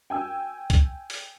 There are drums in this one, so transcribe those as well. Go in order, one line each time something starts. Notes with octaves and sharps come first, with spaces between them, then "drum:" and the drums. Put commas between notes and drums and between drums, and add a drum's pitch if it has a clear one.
G5 G#5 E6
drum: kick, hi-hat
drum: open hi-hat